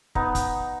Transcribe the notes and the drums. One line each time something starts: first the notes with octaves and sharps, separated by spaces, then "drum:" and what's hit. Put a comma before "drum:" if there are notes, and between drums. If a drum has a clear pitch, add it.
B3 D#4, drum: kick
drum: kick, hi-hat